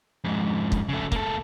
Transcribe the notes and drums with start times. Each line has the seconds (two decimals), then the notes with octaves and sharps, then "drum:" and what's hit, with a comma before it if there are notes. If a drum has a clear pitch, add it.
0.24 F2 G#2
0.72 drum: kick
0.89 C#3 A3
1.12 A#3 A4, drum: kick